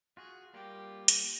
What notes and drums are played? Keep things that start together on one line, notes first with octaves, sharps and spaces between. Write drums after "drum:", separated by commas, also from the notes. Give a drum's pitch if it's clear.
F4 F#4 G#4
G3 A#3 F4 G4
drum: hi-hat